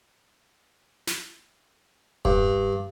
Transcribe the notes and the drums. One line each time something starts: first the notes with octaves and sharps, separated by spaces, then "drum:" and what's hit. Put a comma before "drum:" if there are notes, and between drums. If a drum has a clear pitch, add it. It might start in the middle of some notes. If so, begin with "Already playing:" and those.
drum: snare
G2, drum: kick E1